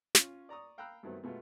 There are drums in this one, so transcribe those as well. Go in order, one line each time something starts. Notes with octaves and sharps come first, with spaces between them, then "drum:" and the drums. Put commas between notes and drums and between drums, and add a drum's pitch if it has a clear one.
C#4 F4, drum: snare
D5 A#5 C#6 D#6
F5 G5 A#5 B5 E6 F#6
G2 D#3 F#3 A3 B3 C4
B2 G#3 A3 B3 F4